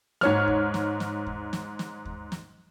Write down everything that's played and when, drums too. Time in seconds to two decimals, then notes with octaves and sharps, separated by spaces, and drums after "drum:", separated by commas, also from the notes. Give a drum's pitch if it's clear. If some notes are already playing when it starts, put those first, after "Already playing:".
0.21 G#2 C#5 F6, drum: snare
0.48 drum: kick D#2
0.74 drum: snare
1.00 drum: snare
1.27 drum: kick D#2
1.53 drum: snare
1.79 drum: snare
2.05 drum: kick D#2
2.32 drum: snare